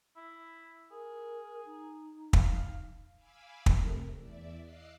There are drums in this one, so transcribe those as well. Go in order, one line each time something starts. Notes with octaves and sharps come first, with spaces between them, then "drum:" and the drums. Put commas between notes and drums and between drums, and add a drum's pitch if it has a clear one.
E4
G#4 A#4
D#4
F5, drum: kick
F5 G#5 B5 D6 E6
C3 A3 A#4, drum: kick
E2 D5 E5
D#5 F5 D6 E6 F#6 C7